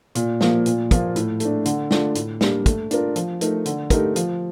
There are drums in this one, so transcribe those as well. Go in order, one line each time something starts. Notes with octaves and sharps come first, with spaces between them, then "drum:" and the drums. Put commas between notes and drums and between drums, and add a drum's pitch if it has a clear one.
A#2, drum: hi-hat
F3 A#3, drum: snare
A#2, drum: hi-hat
F3 A#3 F4, drum: kick, hi-hat
A2, drum: hi-hat
A3, drum: hi-hat
D4
D3, drum: hi-hat
A3 D4 F4, drum: snare
A2, drum: hi-hat
G3 A#3 D4, drum: snare
A3, drum: kick, hi-hat
D4 F4 A#4, drum: hi-hat
F3, drum: hi-hat
A3 D#4 A#4, drum: hi-hat
D3, drum: hi-hat
A3 D#4 G4 A#4, drum: kick, hi-hat
F3, drum: hi-hat